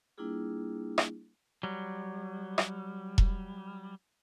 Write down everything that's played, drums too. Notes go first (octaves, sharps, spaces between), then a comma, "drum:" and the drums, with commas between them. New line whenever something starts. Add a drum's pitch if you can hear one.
G3 A#3 D4 E4 F4 G#4
drum: rim click
F#3 G3
drum: rim click
drum: kick E1